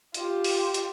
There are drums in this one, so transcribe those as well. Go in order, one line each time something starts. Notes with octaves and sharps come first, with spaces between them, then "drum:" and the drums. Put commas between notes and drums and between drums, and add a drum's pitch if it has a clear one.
F4 G4, drum: hi-hat
drum: open hi-hat
drum: hi-hat